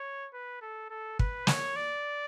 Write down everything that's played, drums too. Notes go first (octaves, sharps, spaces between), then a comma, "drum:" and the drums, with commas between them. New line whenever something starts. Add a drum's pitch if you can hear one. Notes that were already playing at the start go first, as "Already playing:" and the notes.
Already playing: C#5
B4
A4
A4
B4, drum: kick
C#5, drum: snare
D5